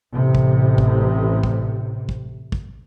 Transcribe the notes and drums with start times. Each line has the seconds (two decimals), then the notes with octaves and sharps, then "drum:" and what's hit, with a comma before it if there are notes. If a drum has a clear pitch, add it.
0.13 A1 C3
0.35 drum: kick
0.78 drum: kick
1.43 drum: kick
2.09 drum: kick
2.52 drum: kick